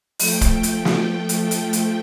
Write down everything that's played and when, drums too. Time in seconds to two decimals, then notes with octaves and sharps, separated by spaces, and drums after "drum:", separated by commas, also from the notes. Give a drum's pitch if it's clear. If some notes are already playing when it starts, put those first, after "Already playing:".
0.19 F3 A3 G5, drum: open hi-hat
0.41 drum: kick, hi-hat
0.63 drum: hi-hat
0.85 drum: snare
1.29 drum: hi-hat
1.51 drum: hi-hat
1.73 drum: hi-hat